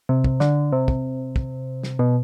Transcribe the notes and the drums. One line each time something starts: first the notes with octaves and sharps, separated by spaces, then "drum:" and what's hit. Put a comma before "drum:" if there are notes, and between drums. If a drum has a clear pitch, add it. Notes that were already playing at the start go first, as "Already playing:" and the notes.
C3
drum: kick
D3, drum: snare
C3
drum: kick
drum: kick
drum: snare
B2